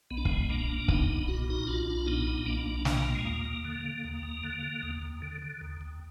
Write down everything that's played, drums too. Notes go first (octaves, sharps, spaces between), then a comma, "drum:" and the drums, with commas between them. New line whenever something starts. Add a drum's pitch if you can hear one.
B1 B3
D4
B1 G#3 B3, drum: kick
A#2 A#3 D4
A#2
B1 B3 D#4, drum: kick
B1
A#2 F#4
A#2 D#4 F#4
B1 D4 F4
B1
A#2 B3 D#4
A#2
B1 A#3 D4
B1
A#2 A#3, drum: snare
A#2
G#3
D#2 A#3
D#2
D3
D3
D#2
D#2
D3
D3
D#2
D#2
D3
D3
D#2
D#2